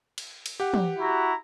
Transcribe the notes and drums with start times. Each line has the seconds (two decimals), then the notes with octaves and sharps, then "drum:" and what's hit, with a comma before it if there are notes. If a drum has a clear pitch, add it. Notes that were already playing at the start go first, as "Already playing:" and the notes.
0.18 drum: cymbal
0.46 drum: cymbal
0.60 G4 F#5
0.74 drum: tom
0.98 E4 F#4 A#5